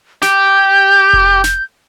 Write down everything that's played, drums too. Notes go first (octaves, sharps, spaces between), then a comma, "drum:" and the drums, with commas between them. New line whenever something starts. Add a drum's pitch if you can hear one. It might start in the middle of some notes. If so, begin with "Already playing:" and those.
G4 G6, drum: snare
drum: kick F1
drum: snare